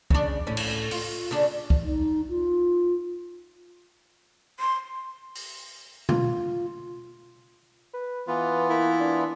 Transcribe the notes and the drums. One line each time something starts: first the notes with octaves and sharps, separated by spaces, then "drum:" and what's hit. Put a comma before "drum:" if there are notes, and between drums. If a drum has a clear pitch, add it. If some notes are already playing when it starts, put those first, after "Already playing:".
C#3 D4, drum: kick
A2 C#4
drum: cymbal
F4, drum: open hi-hat
C#3 D4
drum: kick
D#4
F4
C6
drum: open hi-hat
F4, drum: tom B2
B4
E3 B3 F4 B4
A#3 E4
D4